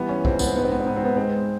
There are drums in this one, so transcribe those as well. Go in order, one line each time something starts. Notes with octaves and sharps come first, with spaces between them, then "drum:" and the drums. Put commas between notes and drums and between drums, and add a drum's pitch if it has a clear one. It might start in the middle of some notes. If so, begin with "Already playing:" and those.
Already playing: E3 G3 B3
C#4
C#2 C4, drum: kick B1
B3, drum: tambourine
C4
G#2 B3
C4
B3
C4
G#2 B3
C4
B3
G#3 C4